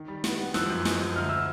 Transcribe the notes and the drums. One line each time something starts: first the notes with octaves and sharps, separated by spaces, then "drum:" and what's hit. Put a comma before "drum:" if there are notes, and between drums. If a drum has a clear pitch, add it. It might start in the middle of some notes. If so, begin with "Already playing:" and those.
Already playing: D#3
G3
B3, drum: snare
B3
F3 E6 F#6, drum: snare
F#2
G#3, drum: snare
F#2
D2 F6
E6